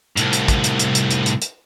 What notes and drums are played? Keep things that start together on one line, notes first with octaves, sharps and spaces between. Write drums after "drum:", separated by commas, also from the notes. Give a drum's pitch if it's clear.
C2 A2, drum: hi-hat
drum: hi-hat
drum: kick, hi-hat
drum: hi-hat
drum: hi-hat
drum: hi-hat
drum: hi-hat
drum: hi-hat
drum: hi-hat